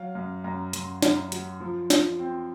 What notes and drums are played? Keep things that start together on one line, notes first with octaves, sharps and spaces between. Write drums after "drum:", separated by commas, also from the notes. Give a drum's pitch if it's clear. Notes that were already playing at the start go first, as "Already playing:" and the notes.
Already playing: F#3 F5
F#2
F#2 A#5
F#2 C6, drum: hi-hat
F#2, drum: snare
F#3, drum: hi-hat
F3
F3, drum: snare
C4